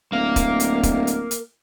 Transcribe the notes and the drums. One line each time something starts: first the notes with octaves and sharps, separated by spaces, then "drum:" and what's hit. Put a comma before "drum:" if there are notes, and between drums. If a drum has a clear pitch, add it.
D1 A#3 F5
drum: kick, hi-hat
drum: hi-hat
drum: kick, hi-hat
drum: hi-hat
drum: hi-hat